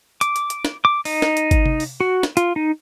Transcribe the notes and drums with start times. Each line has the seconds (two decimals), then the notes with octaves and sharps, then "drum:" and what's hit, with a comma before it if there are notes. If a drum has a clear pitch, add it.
0.21 D6, drum: hi-hat
0.36 drum: hi-hat
0.50 drum: hi-hat
0.65 drum: snare
0.85 D6
1.05 D#4, drum: open hi-hat
1.22 drum: snare
1.37 drum: hi-hat
1.51 drum: kick G1, hi-hat
1.66 drum: tom C3
1.80 drum: open hi-hat
2.00 F#4
2.23 drum: snare
2.37 F4, drum: hi-hat
2.56 D#4